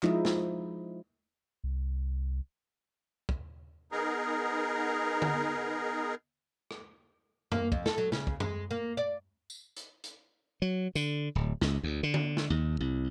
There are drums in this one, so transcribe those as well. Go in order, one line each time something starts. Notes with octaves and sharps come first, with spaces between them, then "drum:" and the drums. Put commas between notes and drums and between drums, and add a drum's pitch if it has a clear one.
F3 G#3 D#4 E4 D#5, drum: clap
drum: snare
C2
drum: kick
B3 D#4 G#4 A#4
drum: tom D3
drum: rim click
A#3, drum: tom F#2
F2, drum: kick
A4, drum: snare
F#3
C#3, drum: snare
drum: kick
G#3, drum: tom F#2
A#3
D5
drum: tambourine
drum: hi-hat
drum: hi-hat
F#3
D3, drum: tambourine
D1
C#2, drum: snare
D2
D3
drum: tom D3
drum: snare
D#2
C2